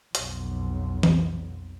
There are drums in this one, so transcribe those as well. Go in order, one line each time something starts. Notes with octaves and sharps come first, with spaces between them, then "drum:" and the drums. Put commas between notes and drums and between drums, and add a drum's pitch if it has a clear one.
B1 F2, drum: hi-hat
drum: tom E3